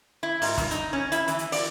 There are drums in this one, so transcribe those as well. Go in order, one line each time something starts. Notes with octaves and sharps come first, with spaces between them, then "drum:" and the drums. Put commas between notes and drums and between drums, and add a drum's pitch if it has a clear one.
E4
G#2, drum: open hi-hat
G2, drum: kick, hi-hat
D#4, drum: hi-hat
C#4
E4, drum: hi-hat
E3, drum: hi-hat
drum: hi-hat
D5, drum: open hi-hat